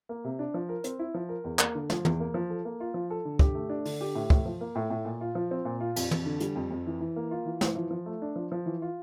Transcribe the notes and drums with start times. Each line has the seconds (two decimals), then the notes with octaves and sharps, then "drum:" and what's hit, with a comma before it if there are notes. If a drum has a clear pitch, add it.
0.09 A#3
0.24 C3
0.39 D4
0.54 F3
0.69 A#4
0.84 C4, drum: hi-hat
0.99 E4
1.14 F3
1.29 A#4
1.44 E2
1.59 A#3, drum: clap
1.75 D3
1.90 F3, drum: snare
2.05 E2, drum: tom
2.20 A#3
2.34 F3
2.50 A4
2.65 A#3
2.80 F4
2.94 F3
3.10 A4
3.25 D3
3.39 G4, drum: kick
3.55 A3
3.69 D4
3.85 D3, drum: open hi-hat
4.01 G4
4.15 A2
4.30 A2, drum: kick
4.46 F3
4.61 A#3
4.75 A2
4.90 A2
5.05 A#2
5.21 F4
5.35 F3
5.51 C4
5.65 A#2
5.80 F4
5.96 F2, drum: cymbal
6.11 F2, drum: tom
6.26 D3
6.40 G3, drum: hi-hat
6.56 F2
6.71 F2
6.87 E3
7.00 E3
7.16 A#3
7.31 F4
7.46 E3
7.61 E3, drum: snare
7.76 F3
7.91 F3
8.06 A3
8.22 D4
8.36 F3
8.52 F3
8.66 E3
8.82 F4